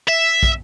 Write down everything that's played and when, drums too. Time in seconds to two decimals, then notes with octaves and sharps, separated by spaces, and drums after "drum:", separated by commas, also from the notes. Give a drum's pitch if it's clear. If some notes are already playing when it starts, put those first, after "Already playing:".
0.08 E5
0.43 drum: kick